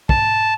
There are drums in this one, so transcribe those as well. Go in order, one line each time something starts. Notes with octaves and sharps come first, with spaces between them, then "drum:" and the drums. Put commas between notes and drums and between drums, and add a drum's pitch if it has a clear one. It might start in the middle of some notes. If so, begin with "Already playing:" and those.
A5, drum: kick